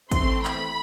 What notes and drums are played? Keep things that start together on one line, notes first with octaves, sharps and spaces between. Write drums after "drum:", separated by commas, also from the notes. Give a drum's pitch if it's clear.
E3 A3 C4 C6, drum: kick, hi-hat
B5, drum: clap